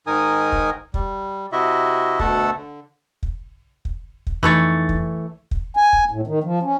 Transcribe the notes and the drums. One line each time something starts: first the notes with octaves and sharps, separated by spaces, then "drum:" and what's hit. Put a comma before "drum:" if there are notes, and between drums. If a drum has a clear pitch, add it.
G#2 D#3 D#4 A#4 G#5 D#6
drum: kick
G3, drum: kick
C3 E4 F#4 D#5 E5
D2 B2 A3 A4 F#5 A5, drum: kick
D3
drum: kick
drum: kick
drum: kick
F2 E3 A3 D#4 C#5 A6
drum: kick
drum: kick
G#5
drum: kick
A2
D#3
F3
C#4